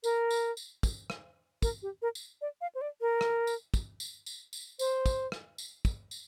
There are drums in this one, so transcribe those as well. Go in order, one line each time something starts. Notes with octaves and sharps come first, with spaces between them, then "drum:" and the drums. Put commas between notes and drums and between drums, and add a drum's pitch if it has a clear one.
A#4, drum: tambourine
drum: tambourine
drum: tambourine
drum: kick, tambourine
drum: rim click
A#4, drum: kick, tambourine
G4
A#4
drum: tambourine
D5
F5
C5
D5
A#4
drum: rim click
drum: tambourine
drum: kick, tambourine
drum: tambourine
drum: tambourine
drum: tambourine
C5, drum: tambourine
drum: kick, tambourine
drum: rim click
drum: tambourine
drum: kick, tambourine
drum: tambourine